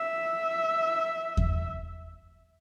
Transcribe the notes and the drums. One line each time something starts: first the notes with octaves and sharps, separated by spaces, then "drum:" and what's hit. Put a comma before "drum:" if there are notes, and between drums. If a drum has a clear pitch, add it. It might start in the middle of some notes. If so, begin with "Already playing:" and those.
Already playing: E5
drum: kick E2